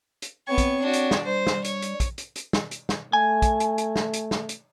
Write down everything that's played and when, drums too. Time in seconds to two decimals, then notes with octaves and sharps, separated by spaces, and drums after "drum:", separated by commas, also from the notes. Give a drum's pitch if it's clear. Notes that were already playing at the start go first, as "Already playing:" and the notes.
0.22 drum: hi-hat
0.48 B3 C4 C#5 C#6
0.58 drum: kick, hi-hat
0.82 D4 F#4
0.93 drum: hi-hat
1.11 drum: snare
1.24 G3 C5
1.47 drum: snare
1.64 C#5, drum: hi-hat
1.82 drum: hi-hat
2.00 drum: kick, hi-hat
2.18 drum: hi-hat
2.36 drum: hi-hat
2.53 drum: snare
2.71 drum: hi-hat
2.89 drum: snare
3.13 A3 G#5
3.42 drum: kick, hi-hat
3.60 drum: hi-hat
3.78 drum: hi-hat
3.96 drum: snare
4.13 drum: hi-hat
4.31 drum: snare
4.49 drum: hi-hat